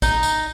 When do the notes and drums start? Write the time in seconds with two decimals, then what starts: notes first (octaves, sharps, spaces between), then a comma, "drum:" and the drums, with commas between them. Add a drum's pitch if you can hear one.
0.02 D#4, drum: kick, tambourine
0.23 drum: tambourine